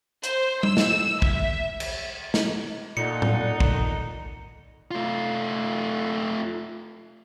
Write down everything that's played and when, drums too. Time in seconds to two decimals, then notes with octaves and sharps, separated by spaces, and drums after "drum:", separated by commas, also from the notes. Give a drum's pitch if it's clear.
0.23 C5, drum: hi-hat
0.63 E6, drum: tom G3
0.77 drum: snare
1.22 E5, drum: kick
1.80 drum: cymbal
2.34 drum: snare
2.97 A#2 D#4 A4 D5 F#5 C#7
3.22 drum: tom A2
3.60 drum: kick
4.91 A3 F4